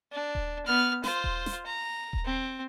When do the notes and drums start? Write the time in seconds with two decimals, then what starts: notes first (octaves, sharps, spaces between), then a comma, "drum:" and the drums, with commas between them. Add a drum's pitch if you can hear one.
0.13 D4
0.35 drum: kick D#1
0.66 B3 F6
1.04 F4 C5, drum: snare
1.24 drum: kick D#1
1.46 drum: snare
1.66 A#5
2.13 drum: kick D#1
2.25 C4